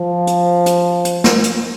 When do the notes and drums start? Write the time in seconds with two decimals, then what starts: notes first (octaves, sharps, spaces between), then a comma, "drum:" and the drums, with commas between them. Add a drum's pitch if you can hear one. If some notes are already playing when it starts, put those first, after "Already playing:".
Already playing: F3
0.27 drum: hi-hat
0.66 drum: hi-hat
1.05 drum: hi-hat
1.24 drum: snare
1.44 drum: hi-hat